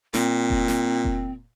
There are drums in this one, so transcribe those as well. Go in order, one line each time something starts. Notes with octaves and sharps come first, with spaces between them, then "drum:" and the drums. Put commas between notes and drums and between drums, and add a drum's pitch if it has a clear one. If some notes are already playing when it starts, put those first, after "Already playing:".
A#2 C4, drum: snare
drum: kick F1
drum: snare
drum: kick F1